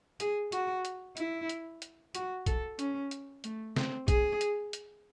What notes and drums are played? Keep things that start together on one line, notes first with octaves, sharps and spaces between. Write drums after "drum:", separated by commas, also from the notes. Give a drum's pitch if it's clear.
G#4, drum: hi-hat
F#4, drum: hi-hat
drum: hi-hat
E4, drum: hi-hat
drum: hi-hat
drum: hi-hat
F#4, drum: hi-hat
A4, drum: kick, hi-hat
C#4, drum: hi-hat
drum: hi-hat
A3, drum: hi-hat
C4, drum: snare
G#4, drum: kick, hi-hat
drum: hi-hat
drum: hi-hat